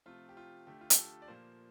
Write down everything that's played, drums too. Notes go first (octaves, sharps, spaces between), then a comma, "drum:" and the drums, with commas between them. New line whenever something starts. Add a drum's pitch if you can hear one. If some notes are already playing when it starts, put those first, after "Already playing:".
C3 F3 A3 F4
G4
F4
D3 A3 G4
F4
G4, drum: hi-hat
A4
D5
A#2 F3 A#3 C5